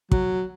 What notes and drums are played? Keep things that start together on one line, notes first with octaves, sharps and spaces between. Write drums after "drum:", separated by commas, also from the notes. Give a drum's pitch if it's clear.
F#3, drum: kick